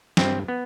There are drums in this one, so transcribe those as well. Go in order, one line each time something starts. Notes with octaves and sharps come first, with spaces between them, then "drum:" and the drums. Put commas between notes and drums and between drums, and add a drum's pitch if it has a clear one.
G2 C4, drum: snare
B3